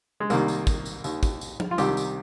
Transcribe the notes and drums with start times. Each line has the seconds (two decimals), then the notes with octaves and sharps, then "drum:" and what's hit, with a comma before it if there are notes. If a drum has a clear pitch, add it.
0.20 G#3
0.30 C2 C3 D#3 A#3, drum: tambourine
0.48 drum: tambourine
0.67 drum: kick, tambourine
0.85 drum: tambourine
1.04 D#2 D#3, drum: tambourine
1.23 drum: kick, tambourine
1.41 drum: tambourine
1.60 drum: tom
1.71 F4
1.78 C2 C3 D#3 G4, drum: tambourine
1.97 drum: tambourine